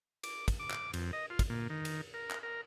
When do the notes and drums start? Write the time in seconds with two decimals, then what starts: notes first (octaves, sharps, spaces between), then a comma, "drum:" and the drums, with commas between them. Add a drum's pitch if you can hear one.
0.23 D6, drum: cymbal
0.48 drum: kick, cymbal
0.59 D6
0.71 drum: clap
0.94 F2, drum: cymbal
1.13 D#5
1.30 F4
1.39 drum: kick, cymbal
1.50 A#2
1.70 D#3
1.85 drum: cymbal
2.14 A#4
2.31 drum: clap
2.43 A#4